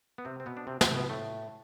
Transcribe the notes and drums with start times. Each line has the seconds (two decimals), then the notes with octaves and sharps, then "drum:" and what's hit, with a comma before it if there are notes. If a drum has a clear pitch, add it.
0.18 B3
0.25 C3 C4
0.40 C4
0.46 B2 B3
0.57 D4
0.67 C3 C4
0.81 C3 C4, drum: snare
0.91 A3
0.95 B2 B3
1.09 A2 A3